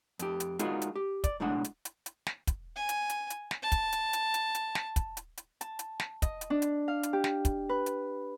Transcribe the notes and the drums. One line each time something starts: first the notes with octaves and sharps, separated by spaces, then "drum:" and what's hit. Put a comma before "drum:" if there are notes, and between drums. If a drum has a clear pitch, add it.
F2 G4, drum: hi-hat
drum: hi-hat
G#3 D#4 F4 F#4 G#4 A#4, drum: hi-hat
drum: hi-hat
G4
D5, drum: kick, hi-hat
B1 A2 G#3 D4 F#5
drum: hi-hat
drum: hi-hat
drum: hi-hat
drum: snare
drum: kick, hi-hat
G#5
drum: hi-hat
drum: hi-hat
drum: hi-hat
drum: snare
A5
drum: kick, hi-hat
drum: hi-hat
drum: hi-hat
drum: hi-hat
drum: hi-hat
drum: snare
drum: kick, hi-hat
drum: hi-hat
drum: hi-hat
A5, drum: hi-hat
drum: hi-hat
drum: snare
D#5, drum: kick, hi-hat
drum: hi-hat
D4
drum: hi-hat
F5
drum: hi-hat
G4
drum: snare
drum: kick, hi-hat
B4
drum: hi-hat